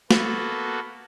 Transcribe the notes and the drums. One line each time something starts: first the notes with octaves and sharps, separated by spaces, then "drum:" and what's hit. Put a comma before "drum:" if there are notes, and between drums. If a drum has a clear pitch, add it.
A#3 B3 F#4 A4, drum: snare